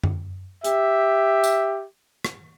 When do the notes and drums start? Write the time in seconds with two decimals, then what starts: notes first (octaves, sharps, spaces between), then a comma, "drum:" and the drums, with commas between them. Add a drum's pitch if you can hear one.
0.03 drum: tom F#2
0.64 G4 E5, drum: hi-hat
1.44 drum: tambourine
2.25 drum: rim click